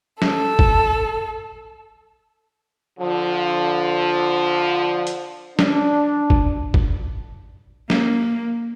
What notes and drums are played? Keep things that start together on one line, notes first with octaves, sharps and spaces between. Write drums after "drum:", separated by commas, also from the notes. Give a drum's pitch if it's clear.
A4, drum: snare
drum: kick
D3 F3
drum: hi-hat
D4, drum: snare
drum: kick
drum: kick
A#3, drum: snare